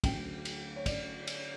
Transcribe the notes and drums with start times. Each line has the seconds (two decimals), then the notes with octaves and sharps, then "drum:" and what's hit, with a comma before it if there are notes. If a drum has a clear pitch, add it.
0.04 D2 D3 F#3 A3 G5, drum: kick, cymbal
0.45 drum: cymbal
0.76 C#5
0.86 D5, drum: kick, cymbal
1.27 drum: cymbal